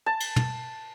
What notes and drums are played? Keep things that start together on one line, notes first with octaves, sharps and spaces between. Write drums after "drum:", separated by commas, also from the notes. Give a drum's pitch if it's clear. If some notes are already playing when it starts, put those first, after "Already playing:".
A5
drum: cymbal
drum: tom